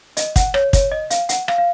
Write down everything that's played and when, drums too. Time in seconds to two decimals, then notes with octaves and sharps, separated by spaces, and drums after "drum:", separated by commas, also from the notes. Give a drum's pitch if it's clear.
0.17 D#5, drum: hi-hat
0.36 F#5, drum: kick, hi-hat
0.54 C#5, drum: rim click
0.73 C#5, drum: kick, hi-hat
0.92 D#5
1.10 F5, drum: hi-hat
1.29 F#5, drum: hi-hat
1.48 F5, drum: rim click
1.58 F5